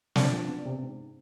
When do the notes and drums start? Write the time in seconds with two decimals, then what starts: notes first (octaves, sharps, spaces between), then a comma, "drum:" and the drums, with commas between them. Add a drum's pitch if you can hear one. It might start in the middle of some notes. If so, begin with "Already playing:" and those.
0.16 F3 D4, drum: snare
0.32 F3
0.48 B3
0.65 C3
0.82 G#2